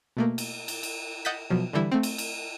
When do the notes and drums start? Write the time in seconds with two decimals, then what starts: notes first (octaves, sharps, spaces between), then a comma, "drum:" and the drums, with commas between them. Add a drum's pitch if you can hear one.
0.17 B2 A3 A#3
0.38 drum: cymbal
0.68 drum: cymbal
0.83 drum: cymbal
1.25 D#5 F#5 G6 A6 B6
1.50 B2 F3 F#3
1.73 D3 E3 G3 E4
1.92 A3 C4
2.03 drum: cymbal
2.18 drum: cymbal